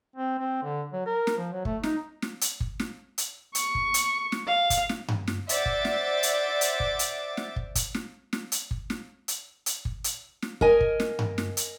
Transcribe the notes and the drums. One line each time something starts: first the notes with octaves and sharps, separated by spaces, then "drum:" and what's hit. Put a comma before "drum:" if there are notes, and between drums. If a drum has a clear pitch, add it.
C4
C4
D3
F#3
A#4
drum: snare
F3
F#3
A3, drum: kick
D#4, drum: snare
drum: snare
drum: hi-hat
drum: kick
drum: snare
drum: hi-hat
C#6, drum: hi-hat
drum: kick
drum: hi-hat
drum: snare
F5
drum: kick, hi-hat
drum: snare
drum: tom G2
drum: snare
C5 D5 E5 F#5 D6 A6, drum: hi-hat
drum: kick
drum: snare
drum: hi-hat
drum: hi-hat
drum: kick
drum: hi-hat
drum: snare
drum: kick
drum: kick, hi-hat
drum: snare
drum: snare
drum: hi-hat
drum: kick
drum: snare
drum: hi-hat
drum: hi-hat
drum: kick
drum: hi-hat
drum: snare
A#4 D#5 G#5, drum: kick
drum: kick
drum: snare
drum: tom G2
drum: snare
drum: hi-hat